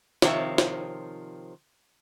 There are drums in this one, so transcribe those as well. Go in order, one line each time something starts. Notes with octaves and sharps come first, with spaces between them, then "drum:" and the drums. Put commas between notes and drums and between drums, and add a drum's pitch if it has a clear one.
C3 D#3 F3 C4 C#5 E5, drum: snare
drum: snare